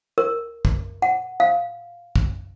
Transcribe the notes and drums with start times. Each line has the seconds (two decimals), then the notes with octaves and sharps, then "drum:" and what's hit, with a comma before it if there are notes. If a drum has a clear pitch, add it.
0.18 A#4
0.65 drum: kick
1.02 F#5
1.40 F5
2.16 drum: kick